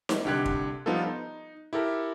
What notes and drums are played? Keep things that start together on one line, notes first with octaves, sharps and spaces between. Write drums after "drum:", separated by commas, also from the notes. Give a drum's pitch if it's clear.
drum: snare D#4
C2 D3 G4 F#6 G#6
drum: kick
F3 G3 B3 D#4 F4 A4
D#4
E4 G4 A4 A#4